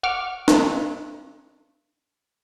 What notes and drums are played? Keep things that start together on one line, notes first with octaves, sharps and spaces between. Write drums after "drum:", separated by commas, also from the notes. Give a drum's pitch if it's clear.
F#5 C#6 D6 F6
drum: snare